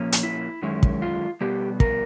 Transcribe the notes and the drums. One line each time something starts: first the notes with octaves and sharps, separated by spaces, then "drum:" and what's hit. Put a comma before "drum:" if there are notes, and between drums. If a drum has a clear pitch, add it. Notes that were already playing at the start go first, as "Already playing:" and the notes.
Already playing: A#2 F3 A#3 C#4
drum: hi-hat
E4
F#2 D#3 G#3 C#4 E4
drum: kick
F4
B2 G3 B3 G4
A#4, drum: kick